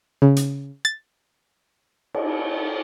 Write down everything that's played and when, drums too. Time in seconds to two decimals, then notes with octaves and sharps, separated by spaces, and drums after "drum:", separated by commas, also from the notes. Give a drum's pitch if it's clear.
0.22 C#3
0.36 drum: hi-hat
0.85 A6
2.14 drum: cymbal